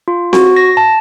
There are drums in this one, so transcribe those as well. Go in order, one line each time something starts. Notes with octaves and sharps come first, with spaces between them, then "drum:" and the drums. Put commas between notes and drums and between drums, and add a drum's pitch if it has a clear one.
F4
F#4, drum: snare C4
A#6
A5